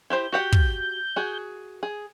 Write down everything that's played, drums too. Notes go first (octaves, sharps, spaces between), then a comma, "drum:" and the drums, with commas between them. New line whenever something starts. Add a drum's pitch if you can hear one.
E4 G4 C5 G6
F#4 G4 F#5
drum: kick
F#4 G#4
G#4